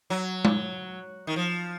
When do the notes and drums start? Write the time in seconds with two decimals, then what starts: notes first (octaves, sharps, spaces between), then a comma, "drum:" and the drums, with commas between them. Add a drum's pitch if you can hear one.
0.10 F#3
0.45 drum: tom G#3
1.27 D#3
1.36 F3